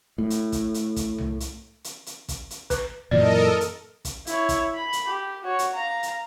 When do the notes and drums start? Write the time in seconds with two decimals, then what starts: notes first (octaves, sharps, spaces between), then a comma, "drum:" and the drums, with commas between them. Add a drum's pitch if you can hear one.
0.18 A2
0.30 drum: hi-hat
0.52 drum: kick, hi-hat
0.74 drum: hi-hat
0.96 drum: kick, hi-hat
1.18 drum: tom C2
1.40 drum: hi-hat
1.84 drum: hi-hat
2.06 drum: hi-hat
2.28 drum: kick, hi-hat
2.50 drum: hi-hat
2.70 B4, drum: kick, hi-hat
3.11 F#2 A#2 E3 A4 A#4 D5 D#5
3.61 drum: hi-hat
4.05 drum: kick, hi-hat
4.27 E4 C#5, drum: hi-hat
4.49 drum: kick, hi-hat
4.75 B5
4.93 drum: hi-hat
5.07 G4
5.45 F#4 C#5
5.59 drum: hi-hat
5.73 F5 A#5
6.03 drum: hi-hat